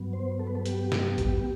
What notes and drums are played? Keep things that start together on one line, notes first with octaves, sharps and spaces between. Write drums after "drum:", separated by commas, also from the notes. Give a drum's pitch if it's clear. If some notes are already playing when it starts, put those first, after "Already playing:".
Already playing: G2 F#3 B3
C5
A4
B4
A4
G4, drum: hi-hat
drum: snare
drum: kick, hi-hat